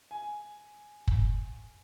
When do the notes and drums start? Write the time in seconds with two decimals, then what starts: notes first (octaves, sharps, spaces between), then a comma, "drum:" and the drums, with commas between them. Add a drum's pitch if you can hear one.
0.11 G#5
1.08 drum: kick